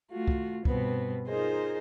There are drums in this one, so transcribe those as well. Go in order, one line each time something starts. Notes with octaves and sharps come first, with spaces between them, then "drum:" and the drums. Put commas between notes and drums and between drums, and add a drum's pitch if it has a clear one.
A3 F4 F#4
drum: kick
G2 B2 B3 C4, drum: kick
D#4 F4 G#4 A#4 C5 D#5